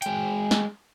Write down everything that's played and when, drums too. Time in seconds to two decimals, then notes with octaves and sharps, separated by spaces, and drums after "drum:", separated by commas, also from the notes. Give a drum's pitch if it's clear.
0.02 G#3 G5, drum: hi-hat
0.51 drum: snare